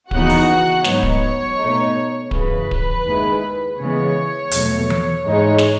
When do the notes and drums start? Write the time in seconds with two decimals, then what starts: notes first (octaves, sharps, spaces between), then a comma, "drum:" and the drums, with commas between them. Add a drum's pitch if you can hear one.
0.11 D#2 C#3 E3 B3 D#4 F#4 F#5, drum: kick D1
0.29 drum: open hi-hat
0.84 G#2 F#3 B3 D#4 C#5, drum: snare
1.03 drum: kick D1
1.59 B2 A3 D#4
2.31 F#2 C#3 E3 B4, drum: kick D1
2.71 drum: kick D1
3.05 D#2 D#3 G#3 B3 E4
3.79 C#3 E3 G#3 B3 C#5
4.51 E2 B2 F#3 A3, drum: hi-hat
4.90 drum: tom E3
5.25 G#2 E3 G#3 D#4 C#5
5.58 drum: snare